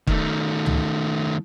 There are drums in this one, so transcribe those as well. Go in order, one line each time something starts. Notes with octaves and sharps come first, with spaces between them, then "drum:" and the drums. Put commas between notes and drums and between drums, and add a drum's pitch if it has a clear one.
D#3 A3, drum: kick
drum: tom C#2